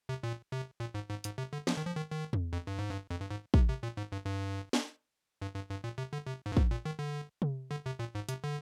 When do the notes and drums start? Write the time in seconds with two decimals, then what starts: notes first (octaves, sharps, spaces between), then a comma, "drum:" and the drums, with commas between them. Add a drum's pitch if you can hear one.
0.09 C3
0.23 A#2
0.52 C3
0.80 A#2
0.94 G#2
1.10 G#2
1.24 G#2, drum: hi-hat
1.38 C3
1.53 D3
1.67 F3, drum: snare
1.77 D#3
1.87 F3
1.96 D#3
2.11 D#3
2.33 drum: tom E2
2.53 F2
2.67 G2
2.79 G#2
2.91 G2
3.10 F2
3.20 G2
3.31 G#2
3.54 C3, drum: kick
3.69 C3
3.83 A#2
3.97 G#2
4.12 G2
4.25 G2
4.73 drum: snare
5.42 G2
5.55 G2
5.70 G2
5.84 A#2
5.98 C3
6.13 D3
6.27 C3
6.46 G#2
6.52 G2
6.57 G#2, drum: kick
6.71 A#2
6.85 D#3
6.99 D3
7.42 drum: tom C3
7.71 D3
7.86 C3
7.99 A#2
8.15 G#2
8.29 C3, drum: hi-hat
8.44 D3